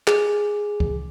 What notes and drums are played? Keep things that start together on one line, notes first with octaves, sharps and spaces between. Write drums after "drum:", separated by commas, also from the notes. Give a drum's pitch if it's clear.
G#4, drum: clap
drum: kick C#2